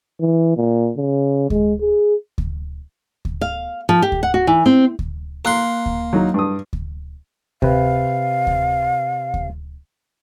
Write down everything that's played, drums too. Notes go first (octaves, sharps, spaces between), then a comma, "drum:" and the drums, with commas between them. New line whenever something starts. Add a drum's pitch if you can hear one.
E3
A#2
C#3
G#3, drum: kick D2
G#4
drum: kick D2
drum: kick D2
F5
F3
G4
drum: kick D2
F#5
F#4
E3
C4
drum: kick D2
A#3 A#5 C6 F#6
drum: kick D2
F#3 D#4
G2 D#6
drum: kick D2
C3 B4 F5, drum: kick D2
drum: kick D2
drum: kick D2